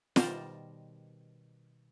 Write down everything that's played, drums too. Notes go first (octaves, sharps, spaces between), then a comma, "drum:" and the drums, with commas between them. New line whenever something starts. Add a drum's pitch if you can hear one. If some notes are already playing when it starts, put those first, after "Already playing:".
B2 D#3 G3 A#4 C5 D5, drum: snare